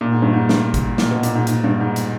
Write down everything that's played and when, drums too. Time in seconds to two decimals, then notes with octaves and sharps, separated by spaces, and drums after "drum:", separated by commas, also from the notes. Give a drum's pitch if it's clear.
0.01 A#2
0.12 G#2
0.22 G2
0.33 G#2
0.49 G2, drum: snare
0.74 drum: kick, hi-hat
0.98 A#2, drum: snare
1.11 B2
1.23 A#2, drum: hi-hat
1.35 G#2
1.47 G#2, drum: hi-hat
1.64 G2
1.80 G#2
1.96 drum: hi-hat